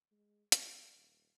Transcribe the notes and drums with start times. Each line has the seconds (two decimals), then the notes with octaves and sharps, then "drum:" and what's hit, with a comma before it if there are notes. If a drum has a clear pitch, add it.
0.11 G#3
0.52 B1, drum: hi-hat
0.94 D#1